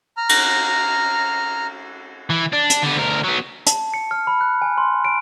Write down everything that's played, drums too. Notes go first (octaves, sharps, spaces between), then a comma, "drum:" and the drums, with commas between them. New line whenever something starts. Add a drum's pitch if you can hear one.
A#5 F6
drum: cymbal
E3
D4
drum: hi-hat
D3 B3
D2 A#4
F#3 B3
A5, drum: hi-hat
C#7
F6
B5
F#6
G#5
C6
D7